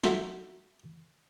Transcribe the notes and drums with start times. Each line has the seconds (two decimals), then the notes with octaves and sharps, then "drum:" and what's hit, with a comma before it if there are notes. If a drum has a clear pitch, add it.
0.04 D#4 F4 F#4 A4 E5, drum: snare